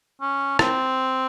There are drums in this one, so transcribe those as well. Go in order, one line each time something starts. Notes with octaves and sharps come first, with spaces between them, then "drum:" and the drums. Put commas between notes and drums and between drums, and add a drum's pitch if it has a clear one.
C#4
C4, drum: rim click